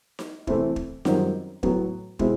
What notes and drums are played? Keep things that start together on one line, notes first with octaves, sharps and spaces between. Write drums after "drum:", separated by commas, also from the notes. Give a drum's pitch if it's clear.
drum: snare D#4
C3 E3 A3 C4 E4, drum: kick
drum: kick
F#2 D#3 G3 C4 F4, drum: snare D#4
A2 F#3 B3, drum: kick
B2 G#3 C4 E4, drum: kick